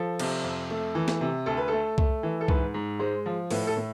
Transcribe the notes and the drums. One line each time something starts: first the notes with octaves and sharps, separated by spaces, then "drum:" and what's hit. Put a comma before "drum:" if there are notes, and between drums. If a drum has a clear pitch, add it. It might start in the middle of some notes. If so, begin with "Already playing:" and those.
Already playing: F3 A4
C3, drum: cymbal
F2
A3
E3
drum: snare
C3
D2 A4
B4
A3 A4
A3, drum: kick C2
E3
A4
G#2 B4, drum: kick C2
G#2
G#3 C5
F3
A2 B4, drum: open hi-hat
A4
A2